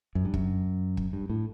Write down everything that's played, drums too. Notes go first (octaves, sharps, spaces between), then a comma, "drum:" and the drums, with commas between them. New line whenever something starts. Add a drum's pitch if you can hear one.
F#2
G2
F#2, drum: kick
drum: kick
G2
A2